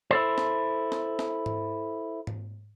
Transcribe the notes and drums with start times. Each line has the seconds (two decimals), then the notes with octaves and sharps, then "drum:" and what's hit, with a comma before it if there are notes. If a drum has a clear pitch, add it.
0.11 E4 A4 C5
0.38 drum: snare
0.92 drum: snare
1.19 drum: snare
1.46 drum: tom G#2
2.27 drum: tom G#2